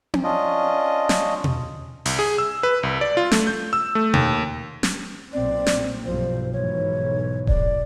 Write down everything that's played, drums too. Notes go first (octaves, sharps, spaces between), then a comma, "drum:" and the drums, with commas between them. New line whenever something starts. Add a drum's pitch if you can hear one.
drum: tom C4
C#4 D4 F4 D#5
drum: snare
drum: tom B2
C2, drum: open hi-hat
G#4
E6
B4
C2
D5
F4
A3, drum: snare
G6
E6
A3
D#2, drum: tom B2
drum: snare
B1 A#2 C4 D5
drum: snare
B1 G2 F3 C5
B1 G#2 E3 C#5
D5, drum: kick D#1